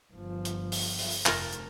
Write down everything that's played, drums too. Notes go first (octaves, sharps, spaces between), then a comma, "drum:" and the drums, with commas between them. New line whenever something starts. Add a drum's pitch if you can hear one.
G1 F3
drum: hi-hat
drum: open hi-hat
drum: open hi-hat
F1 A#4 A5 A#5, drum: clap
drum: hi-hat